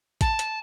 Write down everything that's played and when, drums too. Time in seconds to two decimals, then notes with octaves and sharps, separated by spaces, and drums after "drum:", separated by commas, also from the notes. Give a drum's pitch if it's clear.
0.21 A5, drum: kick G#1, hi-hat
0.39 drum: hi-hat